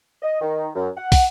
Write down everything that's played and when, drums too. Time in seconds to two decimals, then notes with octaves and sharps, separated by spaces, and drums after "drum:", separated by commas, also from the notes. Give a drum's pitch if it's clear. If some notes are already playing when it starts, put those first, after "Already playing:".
0.22 D#5
0.41 D#3
0.75 F#2
0.97 F#5
1.12 drum: kick, open hi-hat